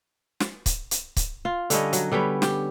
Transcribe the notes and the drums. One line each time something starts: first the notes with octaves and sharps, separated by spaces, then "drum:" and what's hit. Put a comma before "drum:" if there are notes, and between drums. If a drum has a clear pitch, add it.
drum: snare
drum: kick C#1, hi-hat
drum: hi-hat
drum: kick C#1, hi-hat
F4
D3 G3 C#4 D#5, drum: hi-hat
F#3, drum: hi-hat
D3 G3 B3 C#4
G4, drum: snare